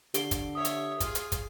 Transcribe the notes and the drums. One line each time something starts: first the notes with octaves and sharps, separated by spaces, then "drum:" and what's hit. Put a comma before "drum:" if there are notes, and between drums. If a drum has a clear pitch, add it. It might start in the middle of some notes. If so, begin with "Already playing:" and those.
D3 G4, drum: hi-hat
drum: kick, hi-hat
C#5 E5 D#6
drum: hi-hat
F4 G#4, drum: kick, hi-hat
drum: hi-hat
drum: kick, hi-hat